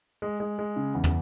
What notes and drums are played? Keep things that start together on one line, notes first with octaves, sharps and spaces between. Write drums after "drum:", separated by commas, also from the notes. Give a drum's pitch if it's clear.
G#3
G#3
G#3
C#3
E2
drum: tom